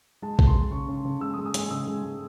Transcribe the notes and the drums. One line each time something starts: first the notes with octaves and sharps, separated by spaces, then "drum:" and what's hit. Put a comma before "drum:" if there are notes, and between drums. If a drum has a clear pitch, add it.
G#3 A5
G#3, drum: kick A#1
C6
G#3
C#3 C#6
C#3
C#3
G#3 E6
D#6
G#3
D#6
G#3 G#5, drum: hi-hat
C#3 E6
G#3
G#3